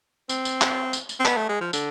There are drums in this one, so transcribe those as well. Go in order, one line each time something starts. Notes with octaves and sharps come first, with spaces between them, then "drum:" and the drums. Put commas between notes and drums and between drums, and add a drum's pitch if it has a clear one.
C4, drum: tambourine
drum: tambourine
drum: clap
drum: tambourine
drum: tambourine
C4
B3, drum: clap
A3
G#3
F3
D3, drum: tambourine